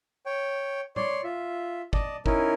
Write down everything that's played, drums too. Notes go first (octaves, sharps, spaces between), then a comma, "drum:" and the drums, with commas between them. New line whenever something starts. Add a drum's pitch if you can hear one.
C#5 G5
C#5 D5 C6, drum: tom A2
F4 E5
D5 D#5 A5, drum: kick
C#4 D#4 E4 A#4, drum: kick